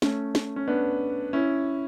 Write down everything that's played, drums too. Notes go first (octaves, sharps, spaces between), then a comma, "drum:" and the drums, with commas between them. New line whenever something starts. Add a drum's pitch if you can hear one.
A3 C#4, drum: snare
drum: snare
C#4
B3 D4
C#4 E4